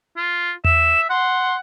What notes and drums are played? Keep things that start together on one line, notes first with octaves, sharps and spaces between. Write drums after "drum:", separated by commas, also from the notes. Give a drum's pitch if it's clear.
F4
E5 E7, drum: tom E2
F#5 C6